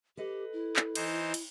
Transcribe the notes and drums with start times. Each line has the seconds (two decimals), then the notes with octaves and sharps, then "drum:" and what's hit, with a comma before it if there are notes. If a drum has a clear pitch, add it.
0.17 G4 A4 B4 D#5
0.53 E4
0.76 drum: clap
0.95 E3 D#4 C5, drum: cymbal
1.34 drum: cymbal